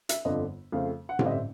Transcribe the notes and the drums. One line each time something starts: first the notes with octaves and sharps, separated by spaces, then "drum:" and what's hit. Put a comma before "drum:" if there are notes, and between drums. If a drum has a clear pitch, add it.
E5, drum: hi-hat
G1 F2 D3 D#5
F2 C#3 F3 A3 C4 F5
F#5
A1 G2 D3 G3 C4 F5, drum: tom A2
D#5
E5